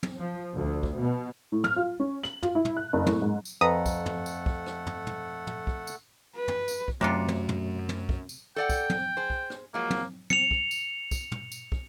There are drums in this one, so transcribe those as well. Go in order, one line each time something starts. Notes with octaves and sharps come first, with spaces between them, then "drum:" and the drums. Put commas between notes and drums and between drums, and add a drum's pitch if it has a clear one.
drum: tom
F3
D2
drum: kick
B2
A2
F6, drum: tom
F4
C#4
F#7, drum: rim click
F4, drum: tom
E4
drum: tom
F#6
F#1
A2, drum: tom
G#2
drum: tambourine
F2 A3 A4 B4 F#5 A#5 D#6
drum: kick, tambourine
drum: tom
drum: tambourine
drum: kick
drum: rim click
drum: tom
drum: tom
drum: tom
drum: kick
drum: tambourine
B4
drum: tom
drum: tambourine
drum: kick
F#2 C3 F#3 A3 D4 F4 C#7
drum: tom
drum: tom
drum: tom
drum: kick
drum: tambourine
A4 D5 F#5 G5
drum: kick, tambourine
drum: tom
G#4 C5
drum: kick
drum: rim click
F3 F#3 G#3 A#3
drum: tom
C#7 F7, drum: tom
drum: kick
drum: tambourine
drum: kick, tambourine
drum: tom
drum: tambourine
drum: kick